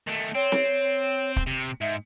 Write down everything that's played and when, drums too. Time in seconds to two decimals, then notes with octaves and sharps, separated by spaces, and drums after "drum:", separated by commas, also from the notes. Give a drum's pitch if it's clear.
0.08 D#3 A3
0.35 C4 C#5
0.52 drum: snare C4
1.36 drum: kick
1.47 C3
1.81 G#2 E5